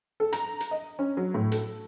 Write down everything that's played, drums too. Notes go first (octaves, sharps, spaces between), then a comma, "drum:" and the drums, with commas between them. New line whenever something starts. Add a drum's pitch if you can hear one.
A4
A#5, drum: hi-hat
drum: hi-hat
D#5
C#4
F#3
A2
A4, drum: hi-hat